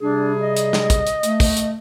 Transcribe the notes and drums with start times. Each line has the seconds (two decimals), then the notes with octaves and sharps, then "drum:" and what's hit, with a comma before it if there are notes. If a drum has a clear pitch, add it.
0.01 C3 G3 D4 G#4
0.40 D#5
0.57 drum: hi-hat
0.73 drum: snare
0.90 drum: kick, hi-hat
1.07 drum: hi-hat
1.23 A3, drum: hi-hat
1.40 drum: kick, open hi-hat
1.57 drum: hi-hat